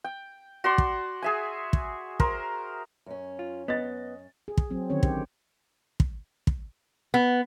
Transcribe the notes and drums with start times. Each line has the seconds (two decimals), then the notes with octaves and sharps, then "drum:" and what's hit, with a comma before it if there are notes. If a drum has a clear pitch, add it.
0.04 G5
0.64 F#4 D5 C6
0.78 drum: kick
1.23 G#4 E5 G#5
1.73 drum: kick
2.20 A#4 C5, drum: kick
3.06 F#2 C#4
3.39 F4
3.68 B3 D#5 A6
4.48 G#4
4.58 drum: kick
4.70 F#3 C4
4.90 D3 D#3 C4 C#4 C#5
5.03 G4, drum: kick
6.00 drum: kick
6.47 drum: kick
7.14 B3